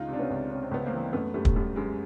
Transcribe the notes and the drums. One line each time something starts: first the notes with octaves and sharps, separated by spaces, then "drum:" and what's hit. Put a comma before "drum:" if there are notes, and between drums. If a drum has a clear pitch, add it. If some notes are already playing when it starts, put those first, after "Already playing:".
Already playing: C#2 D#4 F4
C3 D4
B3 C#4
C#2
C3 C#4
C4
C#2 B3
A#3 C4
E3
F#2 A3 B3
F#2 G3 A3
drum: kick
F#2 G3
F#2 G#3